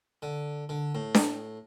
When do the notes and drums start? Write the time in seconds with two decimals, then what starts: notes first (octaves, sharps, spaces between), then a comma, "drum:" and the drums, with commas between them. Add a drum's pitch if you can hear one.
0.22 D3
0.69 D3
0.95 A2
1.14 drum: snare D4